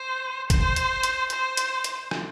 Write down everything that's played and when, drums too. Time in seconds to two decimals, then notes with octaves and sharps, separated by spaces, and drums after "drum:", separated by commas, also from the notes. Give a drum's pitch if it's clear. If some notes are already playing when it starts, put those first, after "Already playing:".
Already playing: C5
0.50 C5, drum: kick, hi-hat
0.76 drum: hi-hat
1.03 drum: hi-hat
1.30 C5, drum: hi-hat
1.57 drum: hi-hat
1.84 drum: hi-hat
2.11 drum: rim click